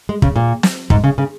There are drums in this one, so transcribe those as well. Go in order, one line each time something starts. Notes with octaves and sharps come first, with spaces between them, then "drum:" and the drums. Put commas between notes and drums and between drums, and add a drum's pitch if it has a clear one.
G#3
C#3, drum: kick
A#2
drum: snare
G#2, drum: kick
C#3
C#3